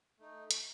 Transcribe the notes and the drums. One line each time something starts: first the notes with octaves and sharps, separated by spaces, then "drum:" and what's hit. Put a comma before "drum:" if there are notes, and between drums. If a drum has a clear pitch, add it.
A3 D#4
drum: hi-hat